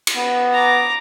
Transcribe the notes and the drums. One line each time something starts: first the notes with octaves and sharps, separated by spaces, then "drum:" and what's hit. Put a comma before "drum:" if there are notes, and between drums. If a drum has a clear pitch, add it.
drum: cymbal
B3
A#5 D6